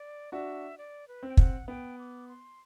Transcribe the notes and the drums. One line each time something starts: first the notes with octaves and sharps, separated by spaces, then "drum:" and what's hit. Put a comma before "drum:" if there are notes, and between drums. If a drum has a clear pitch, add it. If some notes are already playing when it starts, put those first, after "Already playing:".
Already playing: D5
D4 F#4 E5
D5
B4
C4
G5
F#5, drum: kick
B3 G5
D6
C6